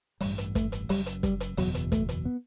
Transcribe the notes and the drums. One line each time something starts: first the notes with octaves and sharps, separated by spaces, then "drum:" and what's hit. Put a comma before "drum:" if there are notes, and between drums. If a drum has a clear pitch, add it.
A1 G2 G3, drum: open hi-hat
drum: hi-hat
A3, drum: kick, hi-hat
drum: hi-hat
F#1 F#2 G3, drum: open hi-hat
drum: hi-hat
G3, drum: kick, hi-hat
drum: hi-hat
F#1 E2 B2 F#3, drum: open hi-hat
drum: hi-hat
A3, drum: kick, hi-hat
drum: hi-hat
B3